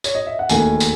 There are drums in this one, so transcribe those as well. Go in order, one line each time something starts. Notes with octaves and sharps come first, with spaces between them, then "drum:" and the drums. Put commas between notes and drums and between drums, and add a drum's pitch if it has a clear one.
C#5, drum: tambourine
D#5
E5
F#5
E1 D#2 D#3 A3 G#5, drum: tambourine
drum: tambourine